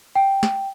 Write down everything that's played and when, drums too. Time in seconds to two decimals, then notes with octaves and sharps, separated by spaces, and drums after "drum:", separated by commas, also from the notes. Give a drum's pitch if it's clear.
0.15 G5
0.43 drum: snare